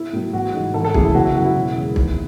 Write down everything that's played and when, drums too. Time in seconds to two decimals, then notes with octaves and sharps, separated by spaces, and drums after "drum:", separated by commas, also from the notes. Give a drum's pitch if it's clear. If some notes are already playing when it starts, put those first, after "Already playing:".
Already playing: E4
0.13 A2 F#3 A3
0.33 A1 F#4
0.54 G#2 E3
0.74 G#1 A4
0.85 A4
0.94 F#2 E3 A3 G#4, drum: kick
1.05 E4
1.15 F#1 F#4
1.25 E4
1.35 F#2 C#3 F#3 F#4
1.45 E4
1.55 E1
1.76 E2 C#3 G#3
1.96 D#2, drum: kick